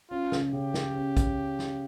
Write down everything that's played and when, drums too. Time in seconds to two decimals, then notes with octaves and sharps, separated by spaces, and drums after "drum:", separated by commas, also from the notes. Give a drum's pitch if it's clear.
0.10 C#4 F4
0.32 C#3, drum: snare
0.53 C#3 G4
0.74 C#4, drum: snare
0.95 C#4
1.17 drum: kick, hi-hat
1.59 drum: snare